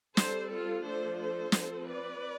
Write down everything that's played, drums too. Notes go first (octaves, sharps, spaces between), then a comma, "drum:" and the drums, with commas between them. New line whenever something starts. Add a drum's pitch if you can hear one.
G3 C4 A4 C5, drum: snare
F4 A4
F3 A3 D4 A4 C5
A4 C5
F3 C4, drum: snare
B4 D5